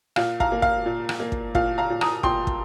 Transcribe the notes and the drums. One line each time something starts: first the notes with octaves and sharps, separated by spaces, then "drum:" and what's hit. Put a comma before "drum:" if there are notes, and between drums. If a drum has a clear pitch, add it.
A#2 F5, drum: rim click
F5 A#5, drum: kick
A#3
F5, drum: kick
A#2
drum: rim click
A#3
drum: kick
A#2 F5, drum: kick
F5 A#5
A#2
A#5 D#6, drum: rim click
A#2 G5 C6, drum: kick
drum: kick